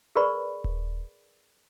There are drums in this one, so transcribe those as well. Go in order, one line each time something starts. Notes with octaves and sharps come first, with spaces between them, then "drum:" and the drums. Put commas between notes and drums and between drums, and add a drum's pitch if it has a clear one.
G#4 A#4 B4 D5 B5 C#6
drum: kick D#1